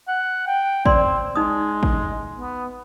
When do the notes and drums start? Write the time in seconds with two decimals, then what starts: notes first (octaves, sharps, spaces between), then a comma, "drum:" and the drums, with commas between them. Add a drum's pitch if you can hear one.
0.08 F#5
0.47 G5
0.86 C4 D5 C6, drum: kick A1
1.36 G#3 D#4 D#6
1.83 drum: kick A1
2.36 B3